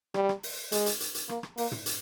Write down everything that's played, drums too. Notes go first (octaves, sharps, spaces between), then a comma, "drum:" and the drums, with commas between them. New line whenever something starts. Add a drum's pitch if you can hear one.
G3, drum: rim click
drum: rim click
drum: open hi-hat
G#3, drum: hi-hat
drum: hi-hat
drum: hi-hat
drum: hi-hat
A#3, drum: rim click
drum: rim click
A#3, drum: open hi-hat
drum: tom
drum: hi-hat